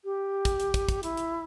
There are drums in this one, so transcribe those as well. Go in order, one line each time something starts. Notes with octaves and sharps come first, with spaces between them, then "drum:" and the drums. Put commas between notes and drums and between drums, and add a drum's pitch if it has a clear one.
G4
drum: kick, hi-hat
drum: hi-hat
drum: kick, hi-hat
drum: kick, hi-hat
E4, drum: hi-hat
drum: hi-hat